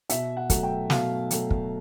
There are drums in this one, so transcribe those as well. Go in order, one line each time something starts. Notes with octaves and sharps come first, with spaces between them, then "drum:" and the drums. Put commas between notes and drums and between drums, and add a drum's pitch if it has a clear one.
B2 E5, drum: hi-hat
F#5
F#3 A3, drum: kick, hi-hat
G5
B2 F5, drum: snare
F#3 A3, drum: hi-hat
drum: kick